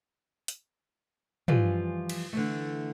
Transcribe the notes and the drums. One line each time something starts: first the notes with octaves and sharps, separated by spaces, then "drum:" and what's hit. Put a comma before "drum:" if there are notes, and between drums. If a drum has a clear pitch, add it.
drum: hi-hat
E3 F3 G3 F4 F5 G#5, drum: tom
drum: cymbal
D3 E3 A3